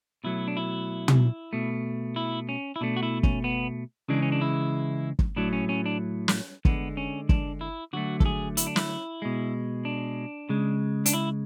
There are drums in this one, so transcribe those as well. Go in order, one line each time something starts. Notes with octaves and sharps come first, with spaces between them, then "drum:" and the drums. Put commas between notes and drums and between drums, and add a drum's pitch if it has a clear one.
B2 F#3 A3 E4
D4
E4
drum: tom
B2 A3
E4
C#4
E4
B2 A3 D4
F#4
E4
C#4, drum: kick
B3
C#3 E3 G#3 D4
C#4
D4
E4
drum: kick
A2 F#3 A3 D4
C#4
C#4
D4
drum: snare
D3 G#3 B3, drum: kick
C#4
D4, drum: kick
E4
D3 F#3 A3 F#4
A4, drum: kick
G#4
E4, drum: hi-hat
D4
E4, drum: snare
B2 G#3
D4
C#3 G#3
D4, drum: hi-hat
E4